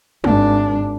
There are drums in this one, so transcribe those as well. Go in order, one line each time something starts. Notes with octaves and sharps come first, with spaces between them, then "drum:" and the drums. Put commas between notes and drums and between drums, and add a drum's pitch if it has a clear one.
G#1 D4, drum: tom